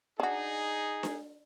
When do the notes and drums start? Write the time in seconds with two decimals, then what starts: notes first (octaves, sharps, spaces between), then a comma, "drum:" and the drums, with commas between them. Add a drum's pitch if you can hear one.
0.20 D4 D#4 F#4 G#4
1.03 drum: snare D4